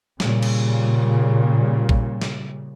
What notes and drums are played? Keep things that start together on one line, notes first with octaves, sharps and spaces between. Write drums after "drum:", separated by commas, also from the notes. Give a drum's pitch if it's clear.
A#2 C#3 G3, drum: snare
drum: cymbal
drum: kick A1
drum: snare